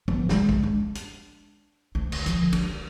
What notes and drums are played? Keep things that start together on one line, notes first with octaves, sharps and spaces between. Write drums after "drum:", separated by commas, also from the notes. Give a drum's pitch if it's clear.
F3 B3, drum: kick
C#3 G#3, drum: snare
drum: kick
D4
drum: hi-hat
D2
drum: cymbal
D3 F3, drum: hi-hat
D4, drum: cymbal